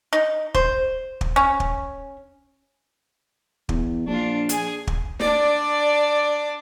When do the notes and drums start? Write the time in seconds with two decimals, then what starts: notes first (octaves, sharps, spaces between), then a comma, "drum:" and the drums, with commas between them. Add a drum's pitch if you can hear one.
0.13 D#4
0.55 C5, drum: kick
1.21 drum: kick
1.36 C#4
1.60 drum: kick
3.69 E2, drum: kick
4.07 A#1 D4 F4
4.49 G#4 G#5, drum: hi-hat
4.87 drum: kick
5.20 D4 D5, drum: snare